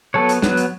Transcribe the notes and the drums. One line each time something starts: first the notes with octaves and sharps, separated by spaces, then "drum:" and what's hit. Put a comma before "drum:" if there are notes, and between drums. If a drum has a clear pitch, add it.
F#3 B3 A4 C#5
drum: hi-hat
F#3 B3, drum: snare
drum: hi-hat